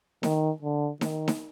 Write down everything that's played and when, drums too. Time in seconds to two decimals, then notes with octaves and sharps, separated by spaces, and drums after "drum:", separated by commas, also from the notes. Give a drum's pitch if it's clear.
0.23 D#3, drum: snare D#4
0.62 D3
1.01 D#3, drum: snare D#4
1.28 drum: snare D#4